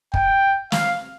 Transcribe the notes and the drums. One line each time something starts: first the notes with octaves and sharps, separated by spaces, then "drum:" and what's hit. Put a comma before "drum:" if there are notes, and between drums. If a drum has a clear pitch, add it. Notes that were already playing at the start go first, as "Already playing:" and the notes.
G5, drum: kick
F5, drum: snare